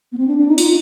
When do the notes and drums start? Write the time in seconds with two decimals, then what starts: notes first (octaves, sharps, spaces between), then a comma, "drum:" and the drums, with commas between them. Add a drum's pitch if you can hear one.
0.12 B3
0.18 C4
0.27 D4
0.37 D4
0.48 D#4
0.58 F4, drum: open hi-hat